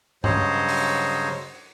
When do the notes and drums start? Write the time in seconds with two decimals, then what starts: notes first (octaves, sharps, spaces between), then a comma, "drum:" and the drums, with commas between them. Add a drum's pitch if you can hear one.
0.24 G2 C#3 F#3 C5 C#5 D#5, drum: tom G2
0.69 drum: open hi-hat